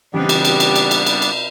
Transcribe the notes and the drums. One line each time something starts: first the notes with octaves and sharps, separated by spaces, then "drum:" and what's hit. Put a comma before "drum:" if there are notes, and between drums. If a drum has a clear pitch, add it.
A1 C#3 G3 B3 C4 D4 D#4 G4
drum: cymbal
drum: cymbal
drum: cymbal
drum: cymbal
drum: cymbal
drum: cymbal
drum: cymbal